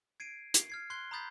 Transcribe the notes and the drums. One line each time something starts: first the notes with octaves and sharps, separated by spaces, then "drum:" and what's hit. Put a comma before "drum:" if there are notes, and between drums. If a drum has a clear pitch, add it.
G#6 C7 D7 D#7
C7, drum: hi-hat
F6 G#6 C7
C6 F#6 G#6 C7 G7
A#5 B5 D#6 G6 A6 B6